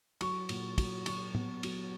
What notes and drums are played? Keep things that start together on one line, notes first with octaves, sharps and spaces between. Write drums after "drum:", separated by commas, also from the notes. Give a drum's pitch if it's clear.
F#3 C#6, drum: cymbal
A#2, drum: cymbal
F#3, drum: kick, cymbal
F#3 C#6, drum: cymbal
B3, drum: tom
F#3, drum: cymbal